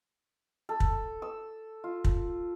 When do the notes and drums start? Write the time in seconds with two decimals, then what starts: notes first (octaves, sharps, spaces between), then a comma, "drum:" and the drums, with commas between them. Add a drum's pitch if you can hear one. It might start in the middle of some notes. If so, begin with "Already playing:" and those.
0.69 A4
0.80 drum: kick
1.22 E6
1.84 F4
2.04 drum: kick